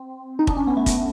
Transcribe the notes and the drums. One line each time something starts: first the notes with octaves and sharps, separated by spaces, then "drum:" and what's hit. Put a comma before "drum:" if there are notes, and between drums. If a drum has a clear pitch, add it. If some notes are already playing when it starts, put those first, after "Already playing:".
Already playing: C4
D#4
D4, drum: kick
C#4
B3
A3
drum: kick, hi-hat